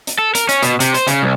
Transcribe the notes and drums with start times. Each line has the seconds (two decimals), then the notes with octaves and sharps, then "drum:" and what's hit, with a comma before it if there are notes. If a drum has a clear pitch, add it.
0.07 drum: hi-hat
0.19 A4
0.35 A#4, drum: hi-hat
0.49 C#4, drum: hi-hat
0.63 B2, drum: hi-hat
0.80 C3, drum: hi-hat
0.94 C5, drum: hi-hat
1.08 C#3, drum: hi-hat
1.23 C2